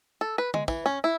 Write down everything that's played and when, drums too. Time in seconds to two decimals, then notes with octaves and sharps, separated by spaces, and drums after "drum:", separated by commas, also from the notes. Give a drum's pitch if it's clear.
0.21 A4
0.38 B4
0.54 G#3, drum: tom D3
0.68 E3, drum: kick, tambourine
0.86 C#4
1.04 E4